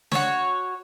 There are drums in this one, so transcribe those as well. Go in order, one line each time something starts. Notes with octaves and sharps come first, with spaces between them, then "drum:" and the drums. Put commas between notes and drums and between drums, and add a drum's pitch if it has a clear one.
F#4 C#5, drum: snare